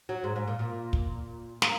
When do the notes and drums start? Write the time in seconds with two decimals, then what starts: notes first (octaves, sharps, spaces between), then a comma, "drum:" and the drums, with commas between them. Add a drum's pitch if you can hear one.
0.09 F#3
0.24 G#2
0.36 G#2
0.48 A#2
0.59 A#2
0.93 drum: kick
1.62 A#3, drum: snare